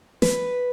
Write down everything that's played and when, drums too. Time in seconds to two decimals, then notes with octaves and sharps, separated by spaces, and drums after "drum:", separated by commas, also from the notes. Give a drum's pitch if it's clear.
0.22 B4, drum: snare